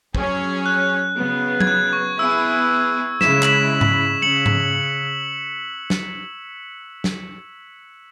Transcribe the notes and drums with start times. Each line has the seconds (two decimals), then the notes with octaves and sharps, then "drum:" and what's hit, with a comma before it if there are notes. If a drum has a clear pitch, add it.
0.15 F#3 C#4 G#4 C#5, drum: kick
0.66 F#6
1.16 C#3 F#3 B3
1.61 G#6, drum: tom F#3
1.67 F#6
1.93 C#6
2.19 B3 E4 G#4 E6
3.21 C#3 G#3 E4 B6 E7, drum: snare
3.43 F#7, drum: clap
3.47 B6 E7
3.81 drum: tom G#2
4.22 C#3 C#7 F#7
4.46 drum: tom G#2
5.90 drum: snare
7.04 drum: snare